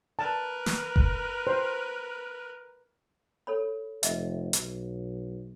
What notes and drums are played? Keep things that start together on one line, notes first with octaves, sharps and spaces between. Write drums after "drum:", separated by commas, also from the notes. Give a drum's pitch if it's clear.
A#4 B4 A5
drum: snare
drum: kick F#1
C5
A4 C#5 B5
F1 D#5 E5, drum: hi-hat
B1, drum: hi-hat